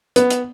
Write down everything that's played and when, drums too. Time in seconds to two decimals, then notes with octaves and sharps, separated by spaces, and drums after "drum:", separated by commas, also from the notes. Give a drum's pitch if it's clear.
0.16 B3, drum: hi-hat
0.30 drum: hi-hat